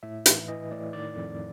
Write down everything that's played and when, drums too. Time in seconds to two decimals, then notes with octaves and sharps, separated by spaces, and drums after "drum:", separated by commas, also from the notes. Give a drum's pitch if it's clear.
0.03 A2 E5
0.26 E3, drum: hi-hat
0.48 E3 D#5
0.71 A2 D5
0.93 D#3 D5
1.16 F2